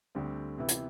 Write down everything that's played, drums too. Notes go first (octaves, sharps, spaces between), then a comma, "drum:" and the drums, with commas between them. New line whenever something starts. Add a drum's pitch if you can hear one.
D2 D3 G3 C4
C3 E3 B3 E4
drum: hi-hat